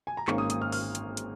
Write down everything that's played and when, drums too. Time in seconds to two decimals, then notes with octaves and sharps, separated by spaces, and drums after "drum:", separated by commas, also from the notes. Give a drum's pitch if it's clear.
0.07 G#5
0.17 A#5
0.28 G#1 G#2 D#3 A#3 C#4 C#6, drum: clap
0.38 D#6
0.50 D#6, drum: hi-hat
0.62 F6
0.72 F6, drum: open hi-hat
0.95 drum: hi-hat
1.17 drum: hi-hat